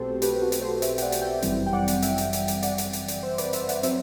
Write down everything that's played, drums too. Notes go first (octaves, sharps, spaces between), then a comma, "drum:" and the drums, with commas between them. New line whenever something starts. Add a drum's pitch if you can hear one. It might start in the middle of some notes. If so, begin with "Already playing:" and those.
Already playing: B1 B2 A3 C4 F#4 G4 A4 C5
G4 B4, drum: hi-hat
F#4 A4
drum: hi-hat
A4 C5
C5 E5, drum: hi-hat
G5, drum: hi-hat
D5 F#5
drum: hi-hat
E5 G5
G1 F#2 E3 G3 C4, drum: hi-hat
G5
D5 F#5
drum: hi-hat
E5 G5, drum: hi-hat
drum: hi-hat
drum: hi-hat
drum: hi-hat
D5 F#5, drum: hi-hat
drum: hi-hat
drum: hi-hat
drum: hi-hat
C5 E5
B4 D5, drum: hi-hat
C5 E5, drum: hi-hat
D5 F#5, drum: hi-hat
F#3 C4 C5 E5, drum: hi-hat